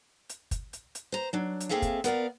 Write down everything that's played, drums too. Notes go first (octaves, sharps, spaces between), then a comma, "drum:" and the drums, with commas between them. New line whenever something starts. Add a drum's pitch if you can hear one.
drum: hi-hat
drum: kick, hi-hat
drum: hi-hat
drum: hi-hat
C5 A#5
F#3 D4
drum: hi-hat
A#3 C4 G#4 A4 E5 F5
drum: kick, hi-hat
B3 A#4 D5 F5, drum: hi-hat